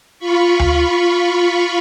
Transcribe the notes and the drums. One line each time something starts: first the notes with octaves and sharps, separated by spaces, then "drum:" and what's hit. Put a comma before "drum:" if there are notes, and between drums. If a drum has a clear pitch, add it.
F4 B5 C#6
drum: tom D2